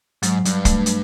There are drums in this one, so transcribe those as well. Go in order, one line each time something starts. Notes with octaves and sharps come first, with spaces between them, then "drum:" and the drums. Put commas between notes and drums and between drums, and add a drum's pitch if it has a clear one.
G#2 F#3, drum: hi-hat
G2, drum: hi-hat
A3, drum: kick, hi-hat
drum: hi-hat